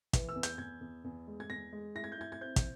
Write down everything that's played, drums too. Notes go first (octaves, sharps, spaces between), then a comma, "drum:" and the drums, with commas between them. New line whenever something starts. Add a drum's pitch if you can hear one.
E3, drum: kick, hi-hat
E6
E2
G6, drum: hi-hat
E2 G#6
E2
E2
G#3
G#6
E2 A#6
G#3
E4 A#6
G#6
G6
E4 G#6
G#6
C4 G6
drum: kick, hi-hat